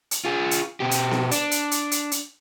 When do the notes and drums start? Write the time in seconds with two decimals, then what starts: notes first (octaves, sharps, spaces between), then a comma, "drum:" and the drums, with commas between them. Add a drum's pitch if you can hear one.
0.11 drum: hi-hat
0.25 F4 G#4
0.51 drum: hi-hat
0.80 B2 G4
0.91 drum: hi-hat
1.11 drum: snare B3
1.31 D4, drum: hi-hat
1.51 drum: hi-hat
1.71 drum: hi-hat
1.91 drum: hi-hat
2.12 drum: hi-hat